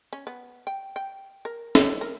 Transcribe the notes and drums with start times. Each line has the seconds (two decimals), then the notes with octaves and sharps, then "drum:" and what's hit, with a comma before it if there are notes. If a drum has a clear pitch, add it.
0.13 C#4
0.27 B3
0.67 G5
0.96 G5
1.45 A#4
1.75 drum: snare
2.01 A#4